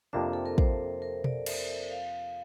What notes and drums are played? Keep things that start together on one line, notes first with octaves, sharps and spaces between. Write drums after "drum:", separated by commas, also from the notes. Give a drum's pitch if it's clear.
F2 C3 F3 A#3 D4 E5
A4
A#4
C5, drum: kick
A#4
D5, drum: tom B2
E5, drum: cymbal
E5
F5